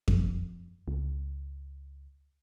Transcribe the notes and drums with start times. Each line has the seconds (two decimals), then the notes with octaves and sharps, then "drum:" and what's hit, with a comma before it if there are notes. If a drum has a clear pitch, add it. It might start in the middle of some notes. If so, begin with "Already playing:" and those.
0.08 F2, drum: kick F2
0.88 C#2